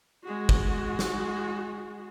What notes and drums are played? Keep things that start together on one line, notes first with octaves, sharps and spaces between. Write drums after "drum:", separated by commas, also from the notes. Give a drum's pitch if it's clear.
G#3 F#4
drum: kick
drum: snare